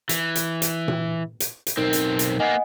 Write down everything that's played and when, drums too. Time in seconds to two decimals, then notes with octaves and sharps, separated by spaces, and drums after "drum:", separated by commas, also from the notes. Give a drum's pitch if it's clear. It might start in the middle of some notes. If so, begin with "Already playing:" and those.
0.09 E3, drum: hi-hat
0.35 drum: hi-hat
0.62 drum: hi-hat
0.88 drum: tom A#2
1.40 drum: hi-hat
1.67 drum: hi-hat
1.77 B1 C4 D#4 A#4 C5
1.93 drum: hi-hat
2.19 drum: hi-hat
2.40 A#3 B3 D#5 F#5 G#5